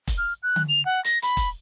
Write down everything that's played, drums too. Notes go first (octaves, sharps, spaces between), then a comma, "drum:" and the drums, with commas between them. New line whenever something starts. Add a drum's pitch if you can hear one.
drum: kick E1, hi-hat
F6
F#6
drum: tom D3
F7
F#5
A#6, drum: hi-hat
B5, drum: hi-hat
drum: kick E1, hi-hat